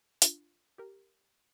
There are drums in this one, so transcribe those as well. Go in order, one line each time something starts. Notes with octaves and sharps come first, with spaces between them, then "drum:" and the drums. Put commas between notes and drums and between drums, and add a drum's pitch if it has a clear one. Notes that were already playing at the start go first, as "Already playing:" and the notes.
D4 F4, drum: hi-hat
G4 A#4